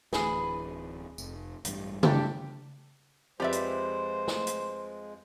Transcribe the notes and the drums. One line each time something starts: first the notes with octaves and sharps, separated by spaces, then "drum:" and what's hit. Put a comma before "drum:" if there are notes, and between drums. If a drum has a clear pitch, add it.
D1 E3 G#4 B4, drum: snare
F1, drum: tambourine
A1 G2, drum: hi-hat
D4 G4 A4, drum: tom C#3
F2 G#3 G4 B4 C5 D5 E5
drum: hi-hat
drum: snare
drum: hi-hat